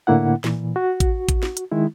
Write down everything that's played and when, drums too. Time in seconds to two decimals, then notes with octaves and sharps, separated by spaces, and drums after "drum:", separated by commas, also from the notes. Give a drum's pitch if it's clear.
0.07 A2 D3 A#3 E4 F#5
0.44 A#2 E3, drum: snare
0.76 F#4
1.00 drum: kick A1, hi-hat
1.29 drum: kick A1, hi-hat
1.43 drum: snare
1.57 drum: hi-hat
1.72 D#3 G#3 E4